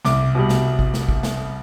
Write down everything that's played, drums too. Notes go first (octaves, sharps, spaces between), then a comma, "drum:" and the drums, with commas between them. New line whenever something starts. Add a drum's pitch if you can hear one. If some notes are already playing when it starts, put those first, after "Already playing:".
C2 D6, drum: snare
B2 G3
drum: snare
drum: kick
drum: snare
drum: kick
drum: snare